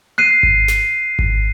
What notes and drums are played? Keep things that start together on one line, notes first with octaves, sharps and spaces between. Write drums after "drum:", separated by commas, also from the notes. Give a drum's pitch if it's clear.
F#6 C7 D#7
drum: kick G#1
drum: snare
drum: kick G#1